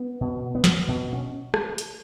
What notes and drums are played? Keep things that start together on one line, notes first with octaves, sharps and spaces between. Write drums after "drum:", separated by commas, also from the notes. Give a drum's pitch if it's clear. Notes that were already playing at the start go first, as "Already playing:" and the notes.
Already playing: B3
B2
B3
drum: snare
B2
C#4
drum: rim click
drum: hi-hat